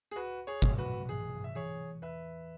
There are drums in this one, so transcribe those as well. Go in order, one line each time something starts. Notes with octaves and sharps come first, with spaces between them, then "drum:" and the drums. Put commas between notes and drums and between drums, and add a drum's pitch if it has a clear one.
G#4
C#2 F#4 B4
G#4 C#5
F#3, drum: kick G1
F#4 B4
E3 G#4
E5
E3 G#4 C#5
E2 B4 E5